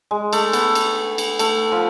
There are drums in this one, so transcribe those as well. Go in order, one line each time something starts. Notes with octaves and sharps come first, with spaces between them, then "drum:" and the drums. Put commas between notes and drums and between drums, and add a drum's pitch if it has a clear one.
G#3
A3, drum: cymbal
B3, drum: cymbal
drum: cymbal
drum: cymbal
A3, drum: cymbal
F3